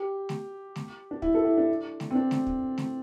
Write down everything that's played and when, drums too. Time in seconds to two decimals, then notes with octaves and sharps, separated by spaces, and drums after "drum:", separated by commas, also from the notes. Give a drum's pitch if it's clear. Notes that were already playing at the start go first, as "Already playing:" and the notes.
Already playing: G4
0.29 drum: snare
0.76 drum: snare
1.11 D4
1.22 E4, drum: kick
1.34 A4
1.45 E4
1.58 D4
2.00 drum: snare
2.11 C4
2.15 D4
2.31 drum: snare
2.47 drum: kick
2.78 drum: snare